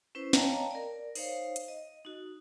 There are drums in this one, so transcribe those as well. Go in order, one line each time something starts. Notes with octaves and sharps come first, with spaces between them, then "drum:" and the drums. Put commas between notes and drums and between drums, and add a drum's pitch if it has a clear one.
C#4 E4 B4 C5
C#5 D#5 F5 G5 A5 A#5, drum: snare
A#4 D5
D#4 C5 C#5 F5, drum: open hi-hat
drum: hi-hat
D#5
D#4 F#4